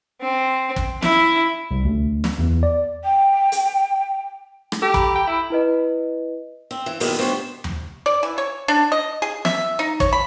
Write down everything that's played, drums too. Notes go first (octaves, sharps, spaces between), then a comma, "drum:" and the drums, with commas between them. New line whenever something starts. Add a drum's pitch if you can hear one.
C4
drum: kick
E4, drum: snare
C2
D2
drum: snare
E2
D5
G5
drum: hi-hat
drum: rim click
G4 A4
A#5 B5, drum: kick
G5
E4
E4 B4 D#5
C4
E3
F#2 A#2 D#3 G#3 B3, drum: open hi-hat
D2 G3 B3 D4 C5 C#5
drum: tom D#2
D5
E3
C#5
D4
D#5
G#4
E5, drum: snare
D#4
C#5, drum: kick
B5